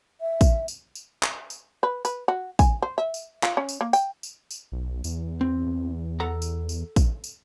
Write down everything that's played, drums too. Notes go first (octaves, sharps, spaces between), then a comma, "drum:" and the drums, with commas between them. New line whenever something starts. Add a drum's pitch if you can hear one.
E5
drum: kick, tambourine
drum: tambourine
drum: tambourine
drum: clap
drum: tambourine
B4
B4, drum: tambourine
F#4
G#5, drum: kick, tambourine
C5
E5
drum: tambourine
F4, drum: clap
C#4
drum: tambourine
A#3
G5, drum: tambourine
drum: tambourine
drum: tambourine
B1
E2, drum: tambourine
C4
E2
A4 F#5 A#5
drum: tambourine
drum: tambourine
drum: kick, tambourine
drum: tambourine